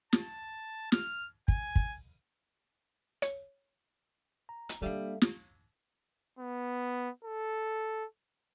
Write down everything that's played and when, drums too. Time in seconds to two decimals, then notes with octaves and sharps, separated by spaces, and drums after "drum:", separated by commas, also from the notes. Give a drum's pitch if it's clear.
0.13 A5, drum: snare
0.92 F6, drum: snare
1.48 G#5, drum: kick
1.76 drum: kick
3.22 C#5, drum: hi-hat
4.49 A#5
4.69 drum: hi-hat
4.82 G3 A#3 D4 A4 E5 F5
5.22 drum: snare
6.39 B3
7.24 A4